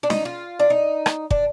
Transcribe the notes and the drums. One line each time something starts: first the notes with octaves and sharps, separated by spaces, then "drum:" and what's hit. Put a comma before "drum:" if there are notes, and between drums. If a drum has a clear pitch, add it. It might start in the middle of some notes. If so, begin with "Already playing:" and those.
D4
D#4, drum: snare
F4
D4
D#4
drum: rim click
D4, drum: kick